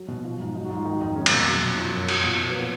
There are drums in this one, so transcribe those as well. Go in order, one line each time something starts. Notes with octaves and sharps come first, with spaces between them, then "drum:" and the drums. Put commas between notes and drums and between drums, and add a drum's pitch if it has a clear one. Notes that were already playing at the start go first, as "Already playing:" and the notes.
Already playing: F#3
B2
F3
G#2
F#3 D#4
F#4
G#2 F4
D#3 D#4
F2 D#4
G#3 C#4
A#3, drum: cymbal
B2
C#4
F#3
B2
F3
F#2
F#3 F#4, drum: cymbal
B2 F4
F3
B3
A#2
B3